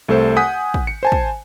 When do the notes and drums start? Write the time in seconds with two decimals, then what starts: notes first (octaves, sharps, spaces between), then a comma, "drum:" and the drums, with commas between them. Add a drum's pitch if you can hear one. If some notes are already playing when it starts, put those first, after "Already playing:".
0.09 C2 A3 A4 C5
0.37 F#5 G#5 D#6 F#6 G6 B6
0.74 drum: kick
0.87 C#7
1.03 C5 G#5 A5
1.12 drum: kick